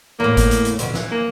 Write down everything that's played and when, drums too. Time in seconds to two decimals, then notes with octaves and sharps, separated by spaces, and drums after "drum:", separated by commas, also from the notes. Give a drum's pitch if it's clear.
0.20 E2 A2 A#3
0.37 drum: kick G#1, hi-hat
0.51 drum: hi-hat
0.65 drum: hi-hat
0.79 F2 B2 D3, drum: hi-hat
0.94 E3, drum: snare
1.11 A#3